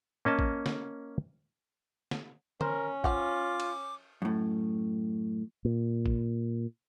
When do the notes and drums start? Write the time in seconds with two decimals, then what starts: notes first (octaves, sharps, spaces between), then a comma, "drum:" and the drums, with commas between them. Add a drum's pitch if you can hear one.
0.25 A#3 C#4 D#5 A5
0.39 drum: kick
0.66 drum: snare
2.11 drum: snare
2.61 C#4 A#4 C5, drum: tom D3
3.04 F3 F4 F5 F#5 D6, drum: kick
3.60 drum: cymbal
4.22 F#2 A2
5.65 A#2
6.06 drum: kick